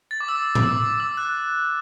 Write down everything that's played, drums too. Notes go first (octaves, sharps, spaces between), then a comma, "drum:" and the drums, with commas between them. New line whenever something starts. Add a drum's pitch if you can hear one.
A6
D6
E6
D6, drum: tom A2
E6
D6
D6
E6
F#6